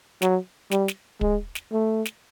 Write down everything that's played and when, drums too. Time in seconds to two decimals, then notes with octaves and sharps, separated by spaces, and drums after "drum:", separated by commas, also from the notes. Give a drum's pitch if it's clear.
0.22 F#3, drum: snare
0.71 G3, drum: snare
0.88 drum: snare
1.21 G#3, drum: kick
1.55 drum: snare
1.72 A3
2.05 drum: snare